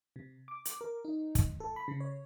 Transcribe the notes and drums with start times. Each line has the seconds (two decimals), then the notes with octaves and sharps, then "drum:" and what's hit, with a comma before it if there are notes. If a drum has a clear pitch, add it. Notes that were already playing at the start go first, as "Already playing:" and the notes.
0.16 C3
0.48 D6
0.65 drum: hi-hat
0.81 A#4
1.05 D#4
1.35 drum: kick, hi-hat
1.60 A4
1.76 B5
1.88 C#3
2.01 C#5